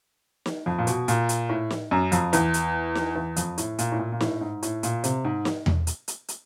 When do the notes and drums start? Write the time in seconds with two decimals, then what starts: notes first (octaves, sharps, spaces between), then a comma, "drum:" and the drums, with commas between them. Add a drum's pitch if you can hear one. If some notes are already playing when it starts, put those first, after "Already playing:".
0.46 drum: snare
0.66 F2
0.78 A#2
0.87 B2, drum: hi-hat
1.08 A#2, drum: hi-hat
1.29 drum: hi-hat
1.49 A2
1.71 drum: snare
1.91 F#2
2.12 F2, drum: hi-hat
2.33 E2, drum: hi-hat
2.54 drum: hi-hat
2.95 drum: snare
3.16 E2
3.36 F2, drum: hi-hat
3.58 A2, drum: hi-hat
3.79 A#2, drum: hi-hat
3.92 A2
3.99 A#2
4.12 A#2
4.21 A2, drum: snare
4.41 G#2
4.63 A2, drum: hi-hat
4.83 A#2, drum: hi-hat
5.04 C3, drum: hi-hat
5.25 G#2
5.45 drum: snare
5.66 drum: tom E2
5.87 drum: hi-hat
6.08 drum: hi-hat
6.28 drum: hi-hat